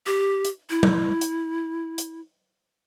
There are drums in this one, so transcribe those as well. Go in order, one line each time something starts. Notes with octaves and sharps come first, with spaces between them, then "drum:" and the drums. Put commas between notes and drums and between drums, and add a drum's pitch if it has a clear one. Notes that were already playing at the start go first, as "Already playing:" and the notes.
G4
drum: hi-hat
E4
drum: tom
drum: hi-hat
drum: hi-hat